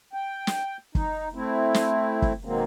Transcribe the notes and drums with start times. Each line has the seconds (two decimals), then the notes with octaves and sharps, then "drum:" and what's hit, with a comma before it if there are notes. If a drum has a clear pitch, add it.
0.13 G5
0.47 drum: snare
0.95 D#4, drum: kick F#1
1.34 A3 C4 E4
1.74 drum: snare
2.22 drum: kick F#1
2.45 B2 D#3 F#3 G#3 A#3 C4